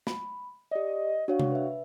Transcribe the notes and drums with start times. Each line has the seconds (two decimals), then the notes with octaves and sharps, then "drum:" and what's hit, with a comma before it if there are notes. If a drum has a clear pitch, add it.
0.07 B5, drum: snare
0.71 G4 D5 D#5
1.28 D4 F#4 C#5 F5
1.40 drum: tom C3
1.51 B4 E5